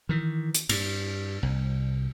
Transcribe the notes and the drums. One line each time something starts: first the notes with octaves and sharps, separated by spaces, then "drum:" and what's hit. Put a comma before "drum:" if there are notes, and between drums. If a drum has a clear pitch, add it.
D#3 E3
drum: hi-hat
G2, drum: cymbal
C2